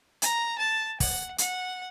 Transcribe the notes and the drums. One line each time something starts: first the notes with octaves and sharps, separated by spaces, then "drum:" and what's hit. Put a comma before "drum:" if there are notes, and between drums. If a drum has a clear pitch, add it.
A#5, drum: hi-hat
A5
F#5, drum: kick, open hi-hat
F#5, drum: hi-hat